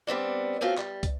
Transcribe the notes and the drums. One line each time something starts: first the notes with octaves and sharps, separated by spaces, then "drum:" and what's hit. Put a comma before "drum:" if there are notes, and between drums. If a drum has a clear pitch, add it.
G3 B3 C4 D4
A3 C4 C#4 F4 F#4
G3, drum: clap
drum: kick, hi-hat